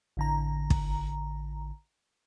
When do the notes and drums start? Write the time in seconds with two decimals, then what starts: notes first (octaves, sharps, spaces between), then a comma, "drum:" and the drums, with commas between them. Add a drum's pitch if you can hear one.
0.17 A1 D3 A#5
0.70 drum: kick